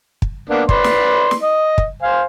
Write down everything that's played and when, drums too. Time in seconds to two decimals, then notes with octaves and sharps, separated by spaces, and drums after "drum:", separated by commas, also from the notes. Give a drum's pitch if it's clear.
0.22 drum: kick
0.50 A#3 B3 D4
0.69 B4 D5 C6, drum: kick
0.84 drum: snare
1.31 drum: snare
1.42 D#5
1.78 drum: kick
2.02 C5 F5 G#5